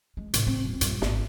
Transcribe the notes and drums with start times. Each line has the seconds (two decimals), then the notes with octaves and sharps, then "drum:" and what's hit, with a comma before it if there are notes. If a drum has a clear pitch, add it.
0.17 G#3
0.34 A2 C#3, drum: hi-hat
0.47 C4
0.65 D#1
0.81 A#1 G2, drum: hi-hat
1.02 G#1, drum: snare